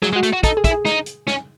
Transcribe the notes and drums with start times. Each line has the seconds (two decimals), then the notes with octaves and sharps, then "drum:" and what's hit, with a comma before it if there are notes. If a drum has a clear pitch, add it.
0.02 F#3 G#4, drum: snare
0.13 G#3
0.16 F#4
0.23 A3, drum: hi-hat
0.33 F#4
0.43 D#4 A4, drum: kick, hi-hat
0.57 G#4
0.64 E4, drum: kick, hi-hat
0.71 G#4
0.85 D#4, drum: snare
1.06 drum: hi-hat
1.27 C#4, drum: snare